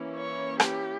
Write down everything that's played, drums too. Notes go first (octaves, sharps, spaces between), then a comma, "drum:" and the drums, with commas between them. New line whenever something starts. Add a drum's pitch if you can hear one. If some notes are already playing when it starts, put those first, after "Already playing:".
Already playing: E3 A#3 C#4 E4
C#5
G4, drum: rim click